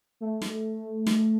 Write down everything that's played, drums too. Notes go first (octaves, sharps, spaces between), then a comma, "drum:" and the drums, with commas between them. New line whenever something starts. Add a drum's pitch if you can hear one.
A3
drum: snare
drum: snare